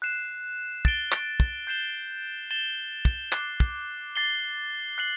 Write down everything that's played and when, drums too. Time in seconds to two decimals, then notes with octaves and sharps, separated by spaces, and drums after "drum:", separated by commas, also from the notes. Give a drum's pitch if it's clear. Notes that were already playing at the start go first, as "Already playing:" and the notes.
0.02 F#6 C7 E7
0.85 A6 D7 G7, drum: kick
1.12 drum: clap
1.40 drum: kick
1.67 G6 C7 E7 G7
2.51 A6 E7 G7
3.05 drum: kick
3.32 D6 F#6 C7, drum: clap
3.60 drum: kick
4.16 A6 C7 G7
4.98 F#6 C7 F#7